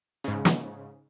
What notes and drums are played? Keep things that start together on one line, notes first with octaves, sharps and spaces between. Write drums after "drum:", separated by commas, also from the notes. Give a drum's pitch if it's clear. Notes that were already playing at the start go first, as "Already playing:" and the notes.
G#2 C#3
drum: snare